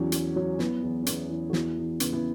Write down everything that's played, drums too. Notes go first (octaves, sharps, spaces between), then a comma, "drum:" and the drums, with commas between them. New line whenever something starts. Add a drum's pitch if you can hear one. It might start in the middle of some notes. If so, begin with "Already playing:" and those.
Already playing: E2 F#3 C#4
F#3, drum: hi-hat
F#3
F#3 B3 E4, drum: snare
E2
C#4
E2 B3 E4, drum: hi-hat
E2
F#4
E2 B3 E4, drum: snare
E2
C#3 B3, drum: hi-hat
B3 E4